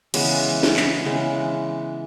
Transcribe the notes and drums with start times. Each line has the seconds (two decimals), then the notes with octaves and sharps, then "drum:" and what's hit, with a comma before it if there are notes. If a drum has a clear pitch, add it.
0.14 C#3 E3 G#3 B3, drum: cymbal
0.63 drum: snare
0.76 drum: clap
1.05 C#3 E3 G#3 B3